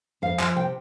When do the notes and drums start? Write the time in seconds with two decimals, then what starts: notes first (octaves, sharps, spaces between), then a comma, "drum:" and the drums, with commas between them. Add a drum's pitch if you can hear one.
0.22 F2 F5
0.40 F3, drum: clap
0.56 C3 G5